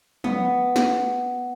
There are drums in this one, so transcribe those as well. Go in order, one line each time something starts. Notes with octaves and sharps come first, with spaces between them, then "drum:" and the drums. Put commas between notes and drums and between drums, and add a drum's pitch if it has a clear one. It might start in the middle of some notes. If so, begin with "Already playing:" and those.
B3, drum: tom
drum: snare